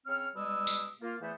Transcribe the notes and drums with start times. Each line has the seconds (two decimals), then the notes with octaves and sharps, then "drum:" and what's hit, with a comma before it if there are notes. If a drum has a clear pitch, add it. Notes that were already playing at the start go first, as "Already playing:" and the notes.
0.07 C#3 C4 C#5 F6
0.35 B2 G3 G#3 D#6 E6
0.67 drum: tambourine
1.02 A#3 F4
1.22 E2 E3 A3 B3 C5 E5